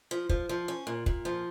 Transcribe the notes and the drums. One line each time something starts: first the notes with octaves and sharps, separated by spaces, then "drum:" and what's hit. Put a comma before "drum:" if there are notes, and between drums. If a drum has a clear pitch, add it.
F3
F3, drum: kick
F3
C#4
A#2
A#2, drum: kick
F3